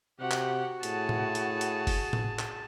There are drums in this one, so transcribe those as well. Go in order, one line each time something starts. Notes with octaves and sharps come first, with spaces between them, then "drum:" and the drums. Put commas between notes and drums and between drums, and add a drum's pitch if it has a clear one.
C3 F#4 G4 F#5
drum: clap
A2 G#4 A5, drum: hi-hat
drum: tom A2
drum: hi-hat
drum: hi-hat
drum: kick F#1, open hi-hat
drum: tom A2
drum: clap